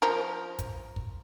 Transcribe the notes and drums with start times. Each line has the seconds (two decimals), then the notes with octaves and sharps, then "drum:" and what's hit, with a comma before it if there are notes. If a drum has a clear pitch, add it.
0.02 F3 A#4
0.59 drum: kick, hi-hat
0.96 drum: kick